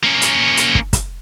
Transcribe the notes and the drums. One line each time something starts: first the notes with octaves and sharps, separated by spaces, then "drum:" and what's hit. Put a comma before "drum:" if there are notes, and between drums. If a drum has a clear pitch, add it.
A#3 C#4
drum: hi-hat
drum: hi-hat
drum: kick
drum: kick, hi-hat